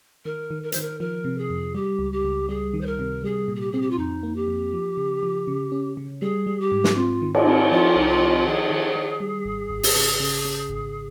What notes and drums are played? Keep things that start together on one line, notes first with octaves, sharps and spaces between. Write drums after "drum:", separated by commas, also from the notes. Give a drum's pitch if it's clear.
D#3 A#4
D#3
A#4
D#3 C5, drum: hi-hat
A#4
F3 A#4
C3
G#4
F2
G3 G4
C#2
G4
C#2
G3 G#4
D#3
C5
A#4
C3
G3 G#4
A#2
G#4
G4
C4 G#4
G4
F4
F2 D#4
A#3
G4
F2
F3
C#3
F3
C#3
C#4
C#3
G3 G#4
G3
G4
G#2
drum: snare
C4 F4
D#3
F4, drum: cymbal
C4
F3 F4
C2 D#4
F4
F3
D#3 G#4
D#3
D#3
G3
G#1
G#1
drum: open hi-hat
C#3
C#3
C#3
G#1